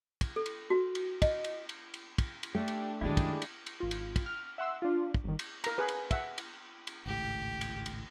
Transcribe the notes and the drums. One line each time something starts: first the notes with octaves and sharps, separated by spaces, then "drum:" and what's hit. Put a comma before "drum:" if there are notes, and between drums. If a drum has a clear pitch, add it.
drum: kick, cymbal
A4
drum: cymbal
F#4
drum: cymbal
D#5, drum: kick, cymbal
drum: cymbal
drum: cymbal
drum: cymbal
drum: kick, cymbal
drum: cymbal
A3 D4 G4
drum: cymbal
F#2 D#3 G#3 D4 E4 G4 G#4
drum: kick, cymbal
drum: cymbal
drum: cymbal
G#1 F4
drum: cymbal
drum: kick, cymbal
F6
E5 F#5 C6 E6
D4 F4
drum: kick
G1 D#3
drum: cymbal
A#4 A#5, drum: cymbal
G#4 B4
drum: cymbal
E5 F#5, drum: kick, cymbal
drum: cymbal
drum: cymbal
G#1 C#2 A2 G4
drum: cymbal
drum: cymbal